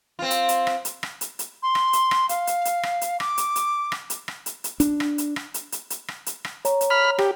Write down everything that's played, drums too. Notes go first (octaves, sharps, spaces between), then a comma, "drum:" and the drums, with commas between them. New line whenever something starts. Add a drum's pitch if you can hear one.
C4 F4
drum: hi-hat
drum: hi-hat
drum: rim click
drum: hi-hat
drum: rim click
drum: hi-hat
drum: hi-hat
C6
drum: rim click
drum: hi-hat
drum: rim click
F5, drum: hi-hat
drum: hi-hat
drum: hi-hat
drum: rim click
drum: hi-hat
D6, drum: rim click
drum: hi-hat
drum: hi-hat
drum: rim click
drum: hi-hat
drum: rim click
drum: hi-hat
drum: hi-hat
D4, drum: hi-hat
drum: rim click
drum: hi-hat
drum: rim click
drum: hi-hat
drum: hi-hat
drum: hi-hat
drum: rim click
drum: hi-hat
drum: rim click
C#5 A#5, drum: hi-hat
drum: hi-hat
B5 F6
G4, drum: rim click